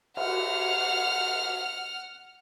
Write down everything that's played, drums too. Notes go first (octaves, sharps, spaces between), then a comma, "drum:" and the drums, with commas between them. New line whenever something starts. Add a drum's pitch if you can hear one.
F#5 F6, drum: cymbal